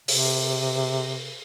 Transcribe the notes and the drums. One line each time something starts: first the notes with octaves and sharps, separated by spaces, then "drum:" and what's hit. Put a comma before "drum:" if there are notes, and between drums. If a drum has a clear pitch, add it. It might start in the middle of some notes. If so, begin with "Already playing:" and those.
C3, drum: open hi-hat